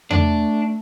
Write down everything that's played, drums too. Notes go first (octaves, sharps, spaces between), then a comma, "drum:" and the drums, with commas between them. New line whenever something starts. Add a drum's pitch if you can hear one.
A3 D4, drum: tom E2